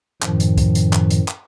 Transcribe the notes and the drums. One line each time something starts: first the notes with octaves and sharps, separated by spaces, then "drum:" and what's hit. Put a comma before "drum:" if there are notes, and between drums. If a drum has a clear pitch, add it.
F#2 A2 D#3 F3, drum: clap
drum: hi-hat
drum: kick, hi-hat
drum: hi-hat
drum: clap
drum: hi-hat
drum: clap